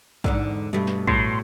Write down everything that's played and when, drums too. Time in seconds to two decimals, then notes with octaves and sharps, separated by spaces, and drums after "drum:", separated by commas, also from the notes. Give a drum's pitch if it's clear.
0.24 E2 G#2 D3, drum: kick
0.73 G2 B2 A3
0.87 drum: snare
1.07 A2 C6, drum: kick